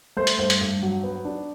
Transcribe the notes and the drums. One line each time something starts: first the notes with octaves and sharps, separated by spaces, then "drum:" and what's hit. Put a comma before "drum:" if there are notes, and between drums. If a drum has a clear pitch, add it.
A3 C5
drum: hi-hat
G2 C5
drum: hi-hat
G2
F#3
B3
D4